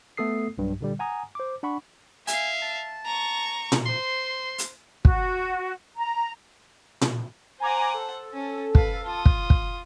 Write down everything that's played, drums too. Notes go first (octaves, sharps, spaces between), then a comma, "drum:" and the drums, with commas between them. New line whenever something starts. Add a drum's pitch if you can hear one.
A3 B3 A4 D#6 C7
B1 G2 F#3
A#2 D3 G3
F#5 G#5 A#5 D#6
C5 D6
D4 F#5 B5 C#6
E5 F5 G#5, drum: hi-hat
A5
A#5 C#6
drum: tom A#2
C5 C6
drum: hi-hat
F#4, drum: kick
A#5
drum: tom A#2
C5 F#5 G#5 A#5 D6
A4
C#4
B4 F5, drum: kick
F4 D#6
drum: kick
drum: kick